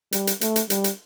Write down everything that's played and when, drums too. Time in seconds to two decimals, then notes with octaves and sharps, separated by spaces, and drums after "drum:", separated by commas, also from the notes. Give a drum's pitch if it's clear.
0.12 G3, drum: hi-hat
0.27 drum: hi-hat
0.41 A3, drum: hi-hat
0.56 drum: hi-hat
0.70 G3, drum: hi-hat
0.84 drum: hi-hat